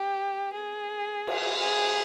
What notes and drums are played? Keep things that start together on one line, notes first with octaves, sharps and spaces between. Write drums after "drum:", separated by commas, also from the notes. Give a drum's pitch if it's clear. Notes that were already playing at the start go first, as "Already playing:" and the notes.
Already playing: G4
G#4
drum: cymbal
G#4